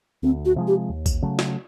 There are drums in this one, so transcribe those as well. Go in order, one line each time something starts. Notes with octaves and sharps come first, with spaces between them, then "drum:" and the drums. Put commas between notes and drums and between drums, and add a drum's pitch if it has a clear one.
D2 C4
F#4
C3 F3 G#3
G4
D#2
drum: kick, tambourine
C#3 F#3 A3
drum: snare